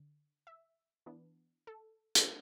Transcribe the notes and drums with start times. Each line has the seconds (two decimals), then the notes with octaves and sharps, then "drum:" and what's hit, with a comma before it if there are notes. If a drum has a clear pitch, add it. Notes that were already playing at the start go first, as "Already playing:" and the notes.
Already playing: D3
0.47 E5
1.06 E3 B3 D4
1.67 A4
2.15 drum: hi-hat